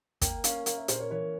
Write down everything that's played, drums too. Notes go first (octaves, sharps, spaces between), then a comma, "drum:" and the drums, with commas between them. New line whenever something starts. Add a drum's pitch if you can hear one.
A#3 G5, drum: kick, hi-hat
C#4 F5, drum: hi-hat
A#3 F5, drum: hi-hat
E5
A#2 C5, drum: hi-hat
C#5
E3 C#5